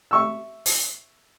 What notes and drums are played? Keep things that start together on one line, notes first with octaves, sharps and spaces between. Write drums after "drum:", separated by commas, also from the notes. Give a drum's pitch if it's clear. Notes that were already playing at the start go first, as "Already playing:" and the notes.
E5 C#6 E6
drum: open hi-hat